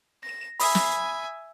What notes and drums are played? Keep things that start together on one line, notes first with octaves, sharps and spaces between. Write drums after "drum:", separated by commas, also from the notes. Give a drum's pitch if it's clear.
A#6 E7
E5 G#5 B5 D#6, drum: open hi-hat
drum: snare